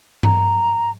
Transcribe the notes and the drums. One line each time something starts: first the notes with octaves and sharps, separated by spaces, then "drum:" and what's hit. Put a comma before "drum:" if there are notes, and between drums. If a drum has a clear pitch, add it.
A#5, drum: tom G2